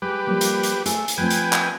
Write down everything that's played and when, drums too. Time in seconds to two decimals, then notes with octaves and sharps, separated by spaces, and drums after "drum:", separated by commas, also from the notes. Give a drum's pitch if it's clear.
0.02 G#3 G4 B4
0.27 F3 G3 A#3
0.41 drum: hi-hat
0.63 drum: hi-hat
0.86 A3 G#4, drum: hi-hat
1.08 drum: hi-hat
1.18 F3 A3 C4 B4 G5 G#5
1.30 drum: hi-hat
1.53 drum: clap